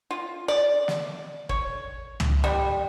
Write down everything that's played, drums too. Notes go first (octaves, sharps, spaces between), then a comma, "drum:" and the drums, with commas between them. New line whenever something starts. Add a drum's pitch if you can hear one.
F4
D5
drum: snare
C#5, drum: kick
drum: tom
G3